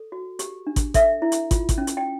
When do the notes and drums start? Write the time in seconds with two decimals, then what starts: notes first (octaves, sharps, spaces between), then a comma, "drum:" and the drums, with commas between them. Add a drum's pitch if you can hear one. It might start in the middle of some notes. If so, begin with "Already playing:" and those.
Already playing: A4
0.12 F#4
0.39 G4, drum: hi-hat
0.67 D4
0.76 drum: kick, hi-hat
0.94 A4 E5, drum: kick, hi-hat
1.22 E4
1.32 drum: hi-hat
1.51 F4, drum: kick, hi-hat
1.69 drum: kick, hi-hat
1.78 C#4
1.87 drum: hi-hat
1.97 G5